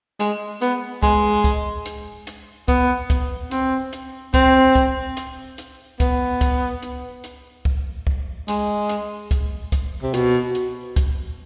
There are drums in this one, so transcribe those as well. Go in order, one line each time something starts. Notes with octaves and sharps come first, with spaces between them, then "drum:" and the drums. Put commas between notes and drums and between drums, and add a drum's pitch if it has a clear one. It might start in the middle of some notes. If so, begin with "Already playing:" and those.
G#3, drum: hi-hat
B3, drum: hi-hat
G#3, drum: kick C#2, hi-hat
drum: kick C#2, hi-hat
drum: hi-hat
drum: hi-hat
B3, drum: kick C#2, hi-hat
drum: kick C#2, hi-hat
C4, drum: hi-hat
drum: hi-hat
C4, drum: kick C#2, hi-hat
drum: kick C#2, hi-hat
drum: hi-hat
drum: hi-hat
B3, drum: kick C#2, hi-hat
drum: kick C#2, hi-hat
drum: hi-hat
drum: hi-hat
drum: kick C#2
drum: kick C#2
G#3, drum: hi-hat
drum: hi-hat
drum: kick C#2, hi-hat
drum: kick C#2, hi-hat
C3
B2, drum: hi-hat
drum: hi-hat
drum: kick C#2, hi-hat